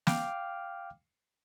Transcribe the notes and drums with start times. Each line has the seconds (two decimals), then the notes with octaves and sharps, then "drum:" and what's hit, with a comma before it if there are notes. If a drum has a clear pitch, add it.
0.07 F5 G5 D6 F6, drum: snare